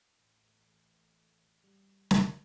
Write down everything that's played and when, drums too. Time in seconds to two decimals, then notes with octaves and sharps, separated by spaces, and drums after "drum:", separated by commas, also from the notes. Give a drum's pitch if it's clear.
0.12 A1
1.64 G3
2.11 drum: snare